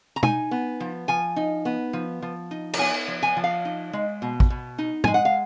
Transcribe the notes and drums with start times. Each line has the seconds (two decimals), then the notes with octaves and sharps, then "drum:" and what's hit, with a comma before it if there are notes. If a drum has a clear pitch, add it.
0.16 A#5
0.23 D#4 G#5, drum: tom
0.51 B3
0.80 F3
1.08 F3 G#5
1.36 D#4
1.65 B3
1.93 F3
2.22 F3
2.51 D#4
2.73 A#5, drum: cymbal
2.79 B3 G#5
3.08 F3
3.23 G#5
3.37 F3
3.44 F5
3.65 D#4
3.93 G#3
4.22 B2
4.40 drum: kick
4.50 B2
4.78 D#4
5.04 G#3 G#5, drum: tom
5.14 F#5
5.25 F5